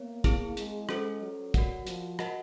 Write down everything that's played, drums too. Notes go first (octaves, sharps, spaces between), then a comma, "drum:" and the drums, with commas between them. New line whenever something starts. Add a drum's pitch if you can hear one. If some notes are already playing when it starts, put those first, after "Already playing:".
Already playing: A#3 B3 C#5
C4 E4 G#4, drum: kick, hi-hat
G#3, drum: hi-hat
G#3 C#4 F4 A4 C5, drum: rim click
F#3
F#4 A#4 D5 F#5, drum: kick, hi-hat
F3, drum: hi-hat
F#4 A#4 D#5 F#5 A5, drum: rim click